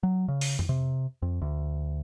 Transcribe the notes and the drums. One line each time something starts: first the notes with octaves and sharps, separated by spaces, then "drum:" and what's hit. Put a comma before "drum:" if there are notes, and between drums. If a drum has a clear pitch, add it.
F#3
C#3
drum: open hi-hat
drum: tom F2
C3
F2
D2